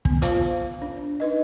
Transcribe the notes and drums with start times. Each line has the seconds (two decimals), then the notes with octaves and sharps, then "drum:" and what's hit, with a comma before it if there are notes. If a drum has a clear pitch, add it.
0.05 B3, drum: kick
0.22 F4 C5 F5, drum: hi-hat
0.82 D4
1.20 D#4 B4 D#5